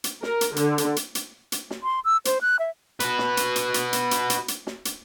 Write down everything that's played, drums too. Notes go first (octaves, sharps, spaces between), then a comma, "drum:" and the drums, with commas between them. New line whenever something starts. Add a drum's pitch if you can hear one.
drum: hi-hat
A#4, drum: snare
drum: hi-hat
D3, drum: hi-hat
drum: hi-hat
drum: hi-hat
drum: hi-hat
drum: hi-hat
drum: snare
C6
E6
C5, drum: hi-hat
F#6
E5
F#4 B4, drum: hi-hat
drum: snare
drum: hi-hat
drum: hi-hat
drum: hi-hat
drum: hi-hat
drum: hi-hat
drum: hi-hat
drum: hi-hat
drum: snare
drum: hi-hat